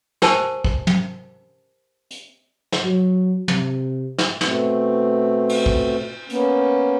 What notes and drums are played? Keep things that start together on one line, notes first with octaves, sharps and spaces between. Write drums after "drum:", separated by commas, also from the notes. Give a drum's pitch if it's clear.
G4 A#4 C5 G#5 A5, drum: snare
drum: kick
drum: tom
drum: hi-hat
drum: snare
F#3
C3, drum: tom
drum: snare
B2 A3 C4, drum: snare
drum: cymbal
drum: kick
A#3 B3 C#4, drum: hi-hat